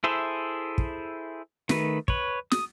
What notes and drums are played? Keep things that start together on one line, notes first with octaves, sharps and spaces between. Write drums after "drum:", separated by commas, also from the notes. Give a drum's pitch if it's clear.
E4 G#4 A4 C5 E5
drum: kick
D#3 A3 B4, drum: snare
B4 C#5, drum: kick
D#6, drum: snare